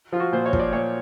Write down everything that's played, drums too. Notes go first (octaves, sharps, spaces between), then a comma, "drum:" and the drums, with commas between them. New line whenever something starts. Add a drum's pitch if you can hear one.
F3 F4
F#4
A#2 C5
C#5
F3, drum: kick
D5
A#2 C#5